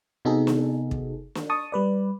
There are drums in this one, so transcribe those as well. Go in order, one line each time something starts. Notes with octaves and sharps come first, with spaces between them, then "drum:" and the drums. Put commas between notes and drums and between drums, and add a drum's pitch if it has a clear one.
C3 B3 D#4 F#4 G#4 A4
drum: snare
drum: kick
drum: snare
A5 C#6 D#6
G3 B4 D5